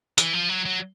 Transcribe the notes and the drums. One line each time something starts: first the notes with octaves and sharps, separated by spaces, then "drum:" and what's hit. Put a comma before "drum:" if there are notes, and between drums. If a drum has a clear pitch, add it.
E3, drum: hi-hat
F3
F#3
F#3